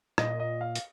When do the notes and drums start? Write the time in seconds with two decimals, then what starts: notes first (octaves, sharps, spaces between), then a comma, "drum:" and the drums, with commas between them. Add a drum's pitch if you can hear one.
0.18 A#2 D#5, drum: rim click
0.40 D#5
0.61 F5
0.75 drum: hi-hat